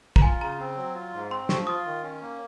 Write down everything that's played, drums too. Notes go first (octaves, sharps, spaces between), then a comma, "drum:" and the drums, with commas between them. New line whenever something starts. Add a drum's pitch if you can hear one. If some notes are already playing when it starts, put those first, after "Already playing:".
A#5, drum: kick
F4 G#5
C#3 A#5
C4
F#3
F4
G#2
C4 C6
F3 C#6, drum: snare
F4 D#6
D#3
C#4
A#3